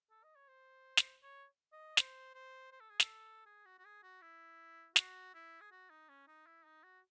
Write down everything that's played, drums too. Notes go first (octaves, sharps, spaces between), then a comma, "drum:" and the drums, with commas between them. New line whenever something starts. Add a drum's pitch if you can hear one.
A4
D#5
C#5
C5
drum: snare
C#5
D#5
C5, drum: snare
C5
C5
A4
G#4
A4, drum: snare
G#4
F#4
F#4
G#4
F#4
E4
F#4, drum: snare
E4
G#4
F#4
D#4
C#4
D#4
E4
D#4
F#4